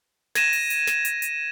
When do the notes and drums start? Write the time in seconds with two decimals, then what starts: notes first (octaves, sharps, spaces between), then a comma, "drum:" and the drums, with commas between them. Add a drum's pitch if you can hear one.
0.35 G#6 A#6 D#7 E7, drum: snare
0.53 drum: open hi-hat
0.70 drum: hi-hat
0.87 drum: snare
1.05 drum: hi-hat
1.22 drum: hi-hat